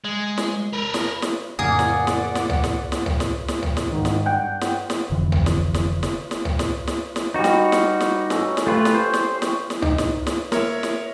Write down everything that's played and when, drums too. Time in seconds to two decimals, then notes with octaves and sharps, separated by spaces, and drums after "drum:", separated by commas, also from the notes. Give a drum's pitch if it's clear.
0.04 G#3
0.38 drum: snare
0.73 A#4 B4
0.94 drum: snare
1.22 drum: snare
1.59 F2 A2 C#3 A#3 G#4 D5 F#5
1.79 drum: snare
2.07 drum: snare
2.35 drum: snare
2.49 drum: tom C#2
2.64 drum: snare
2.92 drum: snare
3.06 drum: tom C#2
3.20 drum: snare
3.48 drum: snare
3.62 drum: tom C#2
3.77 drum: snare
3.91 G#2 D#3
4.05 drum: snare
4.26 G2 D4 F#5 G5
4.61 drum: snare
4.90 drum: snare
5.10 F1 F2 D3 E3
5.32 drum: tom C#2
5.46 drum: snare
5.74 drum: snare
6.03 drum: snare
6.31 drum: snare
6.45 drum: tom C#2
6.59 drum: snare
6.87 drum: snare
7.16 drum: snare
7.34 G3 D#4 F#4 C#5
7.44 drum: snare
7.72 drum: snare
8.00 drum: snare
8.30 C#4 A4, drum: snare
8.57 drum: snare
8.67 A3 F4 G4 B4 C#5
8.85 drum: snare
8.94 C5
9.14 drum: snare
9.42 drum: snare
9.70 drum: snare
9.82 D#4, drum: tom C#2
9.98 drum: snare
10.27 drum: snare
10.52 A#3 A#4 C#5 E5, drum: snare
10.83 drum: snare